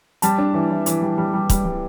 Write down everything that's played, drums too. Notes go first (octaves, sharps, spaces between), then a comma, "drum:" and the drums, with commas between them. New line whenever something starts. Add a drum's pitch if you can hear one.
G3 A5, drum: hi-hat
D4
E3
E3
E3, drum: hi-hat
G3
G3
G3
G3, drum: kick, hi-hat
G3